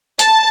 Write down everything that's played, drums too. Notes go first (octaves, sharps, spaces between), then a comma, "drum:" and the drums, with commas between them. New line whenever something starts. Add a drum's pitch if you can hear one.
A5, drum: hi-hat